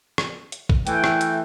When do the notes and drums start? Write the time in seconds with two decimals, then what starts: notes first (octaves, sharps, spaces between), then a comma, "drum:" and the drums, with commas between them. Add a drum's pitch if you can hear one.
0.18 drum: rim click
0.52 drum: hi-hat
0.69 drum: kick A#1
0.87 E3 A3 G5, drum: hi-hat
1.04 drum: rim click
1.21 drum: hi-hat